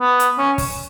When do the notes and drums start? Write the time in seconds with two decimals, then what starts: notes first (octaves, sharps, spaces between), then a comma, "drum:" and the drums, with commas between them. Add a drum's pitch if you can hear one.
0.01 B3
0.20 drum: hi-hat
0.39 C#4
0.58 drum: kick, open hi-hat